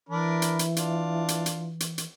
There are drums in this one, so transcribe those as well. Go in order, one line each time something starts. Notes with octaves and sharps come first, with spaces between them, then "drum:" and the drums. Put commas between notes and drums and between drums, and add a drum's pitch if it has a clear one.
E3 D4 A#4 B5
drum: hi-hat
drum: hi-hat
D4 F4, drum: hi-hat
drum: hi-hat
drum: hi-hat
drum: hi-hat
drum: hi-hat